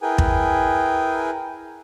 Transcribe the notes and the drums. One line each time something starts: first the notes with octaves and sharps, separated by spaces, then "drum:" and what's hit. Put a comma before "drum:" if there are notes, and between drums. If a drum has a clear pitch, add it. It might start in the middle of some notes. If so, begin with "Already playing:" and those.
E4 G#4 A#4 B4 G5 G#5
drum: kick